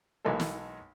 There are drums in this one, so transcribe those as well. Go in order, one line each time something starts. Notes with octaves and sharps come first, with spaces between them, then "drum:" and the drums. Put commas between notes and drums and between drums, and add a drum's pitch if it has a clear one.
B1 E3 G#3 A#3 A4
drum: snare